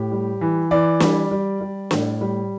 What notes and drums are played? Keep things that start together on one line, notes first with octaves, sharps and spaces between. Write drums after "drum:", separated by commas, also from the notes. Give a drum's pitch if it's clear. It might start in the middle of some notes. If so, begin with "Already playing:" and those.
Already playing: A2 G4
G3
E3
E3 D5
G3, drum: snare
G3
G3
A2, drum: snare
G3